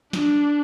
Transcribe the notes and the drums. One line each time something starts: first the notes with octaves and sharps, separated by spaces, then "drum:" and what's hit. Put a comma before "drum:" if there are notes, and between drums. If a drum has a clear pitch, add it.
D4, drum: snare